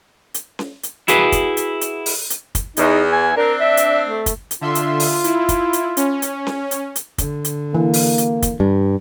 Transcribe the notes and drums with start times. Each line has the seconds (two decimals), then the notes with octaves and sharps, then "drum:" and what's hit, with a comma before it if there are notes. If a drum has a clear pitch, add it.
0.34 drum: hi-hat
0.59 drum: snare C#4
0.83 drum: hi-hat
1.08 E4 F#4 G#4 B4, drum: hi-hat
1.32 drum: kick, hi-hat
1.57 drum: hi-hat
1.81 drum: hi-hat
2.06 drum: open hi-hat
2.30 drum: hi-hat
2.55 drum: kick, hi-hat
2.77 E2 D#4, drum: hi-hat
3.12 G#5
3.36 C4 D4 A#4
3.60 E5
3.77 drum: hi-hat
4.07 A3
4.26 drum: kick, hi-hat
4.51 drum: hi-hat
4.61 D3 F4 E5 C6
4.75 drum: hi-hat
5.00 drum: open hi-hat
5.24 E4, drum: hi-hat
5.49 drum: kick, hi-hat
5.73 drum: hi-hat
5.97 C#4, drum: hi-hat
6.22 drum: hi-hat
6.47 drum: snare C#4
6.71 drum: hi-hat
6.96 drum: hi-hat
7.18 D3, drum: kick, hi-hat
7.45 drum: hi-hat
7.74 E3 A#3
7.93 drum: open hi-hat
8.18 drum: hi-hat
8.42 drum: kick, hi-hat
8.60 G2 G3